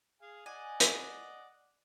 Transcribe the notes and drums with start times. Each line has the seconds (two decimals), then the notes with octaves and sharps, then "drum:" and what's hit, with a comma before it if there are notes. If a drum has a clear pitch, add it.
0.22 G#4 F5 G#5
0.46 D5 D#5 F#5 G#5
0.80 drum: hi-hat